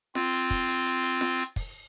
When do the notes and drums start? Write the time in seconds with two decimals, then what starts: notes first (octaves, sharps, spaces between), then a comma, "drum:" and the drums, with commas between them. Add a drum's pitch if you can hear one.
0.15 C4 F4, drum: snare F4
0.33 drum: hi-hat
0.50 drum: kick, open hi-hat
0.68 drum: hi-hat
0.86 drum: hi-hat
1.03 drum: hi-hat
1.21 drum: snare F4
1.39 drum: hi-hat
1.56 drum: kick, open hi-hat